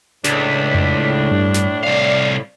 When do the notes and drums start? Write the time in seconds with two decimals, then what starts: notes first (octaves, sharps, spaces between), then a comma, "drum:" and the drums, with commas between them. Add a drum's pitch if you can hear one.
0.24 C#2 A2 D4 B6, drum: snare
0.75 drum: tom F2
1.31 G2
1.54 drum: snare
1.84 C2 D5 F5